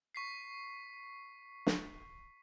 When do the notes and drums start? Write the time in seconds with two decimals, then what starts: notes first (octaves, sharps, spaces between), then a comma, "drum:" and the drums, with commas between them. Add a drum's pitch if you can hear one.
0.15 C#6 B6 C7
1.67 drum: snare